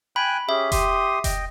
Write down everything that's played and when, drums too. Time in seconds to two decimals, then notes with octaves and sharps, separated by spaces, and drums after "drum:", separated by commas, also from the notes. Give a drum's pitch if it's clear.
0.16 G5 G#5 B5 F#6
0.49 C#4 G4 G#4 E5
0.72 G4 C6 D#6, drum: kick F1, hi-hat
1.24 D#5 G5, drum: kick F1, hi-hat